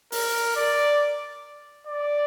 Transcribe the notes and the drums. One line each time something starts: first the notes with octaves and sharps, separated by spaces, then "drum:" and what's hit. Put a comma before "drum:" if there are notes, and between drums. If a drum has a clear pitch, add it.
A#4, drum: open hi-hat
D5
D5